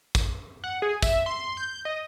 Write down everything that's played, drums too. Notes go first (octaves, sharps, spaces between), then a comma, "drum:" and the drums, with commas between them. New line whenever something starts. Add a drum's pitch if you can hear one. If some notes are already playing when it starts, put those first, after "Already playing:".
drum: kick, tambourine
F#5
G#4
E5, drum: kick, tambourine
C6
G6
D#5